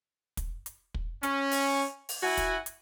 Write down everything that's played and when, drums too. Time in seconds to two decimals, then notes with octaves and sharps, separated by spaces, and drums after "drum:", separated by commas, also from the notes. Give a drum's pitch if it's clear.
0.37 drum: kick, hi-hat
0.66 drum: hi-hat
0.94 drum: kick
1.23 C#4, drum: hi-hat
1.52 drum: open hi-hat
2.09 drum: open hi-hat
2.23 E4 F#4 F#5 G#5
2.37 drum: kick, hi-hat
2.66 drum: hi-hat